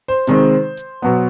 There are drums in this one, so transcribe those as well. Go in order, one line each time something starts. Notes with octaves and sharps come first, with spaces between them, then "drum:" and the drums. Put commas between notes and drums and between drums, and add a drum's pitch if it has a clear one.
C5
C3 D#3 G#3 C4, drum: hi-hat
drum: hi-hat
B2 F#3 B3